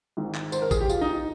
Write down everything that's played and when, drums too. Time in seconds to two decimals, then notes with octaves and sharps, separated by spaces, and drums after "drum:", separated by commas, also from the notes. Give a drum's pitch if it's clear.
0.17 G#1 G#2 D#3
0.35 drum: clap
0.52 C5, drum: tambourine
0.62 A#4
0.71 G#4, drum: kick A1, tambourine
0.80 G4
0.89 F4, drum: tambourine
1.01 D#4
1.13 D#4